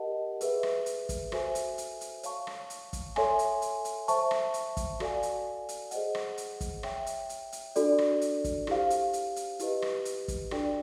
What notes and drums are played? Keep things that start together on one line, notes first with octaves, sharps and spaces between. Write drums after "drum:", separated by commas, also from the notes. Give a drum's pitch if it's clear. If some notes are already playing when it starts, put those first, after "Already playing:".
Already playing: G4 A#4 D#5 F#5 A5
G#4 B4 E5, drum: hi-hat
drum: rim click
drum: hi-hat
drum: kick, hi-hat
F#4 A4 C5 E5 G#5, drum: rim click
drum: hi-hat
drum: hi-hat
drum: hi-hat
C#5 F5 A5 C#6, drum: hi-hat
drum: rim click
drum: hi-hat
drum: kick, hi-hat
A4 C#5 E5 G#5 C6, drum: rim click
drum: hi-hat
drum: hi-hat
drum: hi-hat
C5 E5 A5 C#6, drum: hi-hat
drum: rim click
drum: hi-hat
drum: kick, hi-hat
F#4 A4 D5 F5 G#5, drum: rim click
drum: hi-hat
drum: hi-hat
G#4 C5 D#5 F#5, drum: hi-hat
drum: rim click
drum: hi-hat
drum: kick, hi-hat
C#5 E5 G5, drum: rim click
drum: hi-hat
drum: hi-hat
drum: hi-hat
D4 F#4 A4 D5, drum: hi-hat
drum: rim click
drum: hi-hat
drum: kick, hi-hat
E4 G4 C5 F5, drum: rim click
drum: hi-hat
drum: hi-hat
drum: hi-hat
E4 G4 B4 D#5, drum: hi-hat
drum: rim click
drum: hi-hat
drum: kick, hi-hat
D4 F#4 A4 D5 G5, drum: rim click